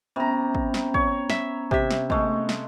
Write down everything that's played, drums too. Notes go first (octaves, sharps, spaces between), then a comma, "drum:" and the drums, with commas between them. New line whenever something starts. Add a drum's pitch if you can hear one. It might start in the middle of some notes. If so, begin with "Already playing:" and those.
C3 B3 C#4 A#5 B5
drum: kick
drum: snare
C#5, drum: kick
E5, drum: snare
C3 E5, drum: kick
drum: snare
G#3 A3, drum: kick
drum: snare